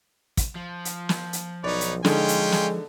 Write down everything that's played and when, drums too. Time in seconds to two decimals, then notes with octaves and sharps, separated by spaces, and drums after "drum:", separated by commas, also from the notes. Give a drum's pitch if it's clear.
0.37 drum: kick, hi-hat
0.55 F3
0.85 drum: hi-hat
1.09 drum: snare
1.33 drum: hi-hat
1.64 B1 D#4 B4 C#5 D5
1.81 drum: hi-hat
2.05 D3 G#3 C#4 D#4 F4 G5, drum: snare
2.28 drum: hi-hat
2.52 drum: snare